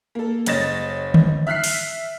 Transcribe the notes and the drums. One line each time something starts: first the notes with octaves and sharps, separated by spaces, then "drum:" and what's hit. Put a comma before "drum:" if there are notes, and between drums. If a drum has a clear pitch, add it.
A#3 A4
F#1 C#5 D#5 A6 A#6 E7, drum: hi-hat
drum: tom D3
E5 F6 F#6 B6 C7
drum: open hi-hat